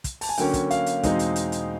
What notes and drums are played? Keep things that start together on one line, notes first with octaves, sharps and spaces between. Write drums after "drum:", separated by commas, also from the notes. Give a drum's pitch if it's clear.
drum: kick, hi-hat
A5, drum: open hi-hat
G#5
D3 F#3 A#3 C#4 G5, drum: hi-hat
drum: kick, hi-hat
F5, drum: hi-hat
drum: hi-hat
E2 B2 G#3 C4 D#4, drum: kick, hi-hat
drum: hi-hat
drum: hi-hat
drum: hi-hat